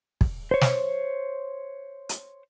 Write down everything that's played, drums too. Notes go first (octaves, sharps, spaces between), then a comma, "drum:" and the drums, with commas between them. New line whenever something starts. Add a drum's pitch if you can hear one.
drum: kick
C5 C#5
drum: snare
drum: hi-hat